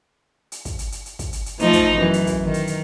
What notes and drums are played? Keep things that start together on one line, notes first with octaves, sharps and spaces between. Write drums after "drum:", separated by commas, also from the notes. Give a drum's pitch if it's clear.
drum: hi-hat
drum: kick, hi-hat
drum: hi-hat
drum: hi-hat
drum: hi-hat
drum: kick, hi-hat
drum: hi-hat
drum: hi-hat
F3 A3 D#4, drum: hi-hat
drum: kick, hi-hat
F#2 E3
drum: hi-hat
drum: kick, hi-hat
D#3
drum: hi-hat
drum: hi-hat